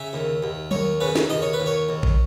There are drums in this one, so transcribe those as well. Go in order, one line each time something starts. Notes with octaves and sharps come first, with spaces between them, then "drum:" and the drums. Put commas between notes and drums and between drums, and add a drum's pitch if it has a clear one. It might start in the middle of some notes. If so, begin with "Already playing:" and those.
Already playing: C#3 E5
D#2
D#2
D#2 C#5, drum: tom F#3
C#3 B4
drum: snare
D#2 D#5
C#5
B4
D#2
C#5
D#2
drum: kick A#1